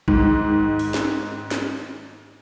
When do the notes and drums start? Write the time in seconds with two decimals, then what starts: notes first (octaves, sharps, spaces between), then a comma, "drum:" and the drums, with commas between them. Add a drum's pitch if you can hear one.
0.08 G#2 D#3, drum: kick A#1
0.79 drum: open hi-hat
0.94 drum: snare
1.51 drum: snare